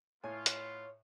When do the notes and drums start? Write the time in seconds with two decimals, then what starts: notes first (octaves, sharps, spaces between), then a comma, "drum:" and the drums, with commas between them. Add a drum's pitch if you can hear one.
0.24 A2 B3 F4 C#5 G#5
0.46 drum: hi-hat